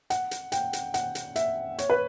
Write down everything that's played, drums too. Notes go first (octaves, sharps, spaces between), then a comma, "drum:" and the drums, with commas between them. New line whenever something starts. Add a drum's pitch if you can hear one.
F#5, drum: hi-hat
drum: hi-hat
G5, drum: hi-hat
drum: hi-hat
F#5, drum: hi-hat
drum: hi-hat
E5, drum: hi-hat
C#5, drum: hi-hat
B4